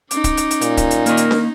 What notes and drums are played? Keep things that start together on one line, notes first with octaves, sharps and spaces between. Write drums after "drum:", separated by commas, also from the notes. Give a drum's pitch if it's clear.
C#4 D#4 D6, drum: hi-hat
drum: kick C#1, hi-hat
drum: hi-hat
drum: hi-hat
A#2, drum: hi-hat
drum: kick C#1, hi-hat
drum: hi-hat
A#3 A#4 D#5, drum: hi-hat
drum: hi-hat
drum: snare D4